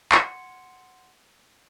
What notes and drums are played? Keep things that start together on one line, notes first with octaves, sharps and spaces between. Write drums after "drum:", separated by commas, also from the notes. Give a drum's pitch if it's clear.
F#5 C6 G#6 C#7, drum: clap